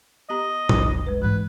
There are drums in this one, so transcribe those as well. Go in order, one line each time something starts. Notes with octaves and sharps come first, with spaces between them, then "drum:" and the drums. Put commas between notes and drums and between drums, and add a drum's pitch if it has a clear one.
B3 G4 D#5 A#5
F1 B1, drum: tom A2
G#3 B4
G#2 E3 G#3 A#3 B4